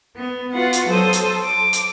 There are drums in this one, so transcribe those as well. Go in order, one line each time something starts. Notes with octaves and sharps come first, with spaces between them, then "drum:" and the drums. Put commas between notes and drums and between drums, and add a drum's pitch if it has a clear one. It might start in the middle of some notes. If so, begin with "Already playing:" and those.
B3
F4 F#4 B4 F#5
drum: hi-hat
F#3 A4 C5 D#6
drum: hi-hat
D6
drum: hi-hat